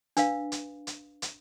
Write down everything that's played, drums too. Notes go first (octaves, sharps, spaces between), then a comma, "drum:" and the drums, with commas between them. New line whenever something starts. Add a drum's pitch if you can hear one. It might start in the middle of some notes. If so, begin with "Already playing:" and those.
D4 B4 F5, drum: hi-hat
drum: hi-hat
drum: hi-hat
drum: hi-hat